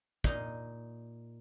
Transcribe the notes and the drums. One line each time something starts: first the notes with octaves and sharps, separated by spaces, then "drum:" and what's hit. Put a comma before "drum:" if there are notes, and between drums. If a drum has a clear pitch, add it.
A#2 D#4 D#5, drum: kick